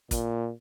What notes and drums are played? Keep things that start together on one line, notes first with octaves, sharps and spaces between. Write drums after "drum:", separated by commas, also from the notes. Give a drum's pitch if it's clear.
A#2, drum: kick, hi-hat